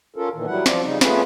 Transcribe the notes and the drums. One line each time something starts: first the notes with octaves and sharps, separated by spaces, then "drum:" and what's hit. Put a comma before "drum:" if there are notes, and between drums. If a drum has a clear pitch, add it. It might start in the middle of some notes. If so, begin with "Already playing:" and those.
C#4 F4 A4 A#4
A#2 D#3 E3
F#3 G3 E4 F#5
F3 F4 D5, drum: snare
C#3 G3 D#4
A3 B3 C#4 F4 G#4 B4, drum: snare